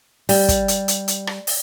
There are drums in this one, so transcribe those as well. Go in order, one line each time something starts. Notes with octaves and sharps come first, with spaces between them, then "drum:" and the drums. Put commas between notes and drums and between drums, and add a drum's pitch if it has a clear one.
G3, drum: open hi-hat
drum: kick, hi-hat
drum: hi-hat
drum: hi-hat
drum: hi-hat
drum: rim click
drum: open hi-hat